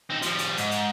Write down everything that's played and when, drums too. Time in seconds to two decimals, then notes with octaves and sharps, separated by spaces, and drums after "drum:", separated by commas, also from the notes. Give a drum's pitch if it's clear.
0.10 C4 D#4
0.22 F3 G3, drum: hi-hat
0.39 drum: hi-hat
0.57 G#2, drum: hi-hat
0.71 drum: hi-hat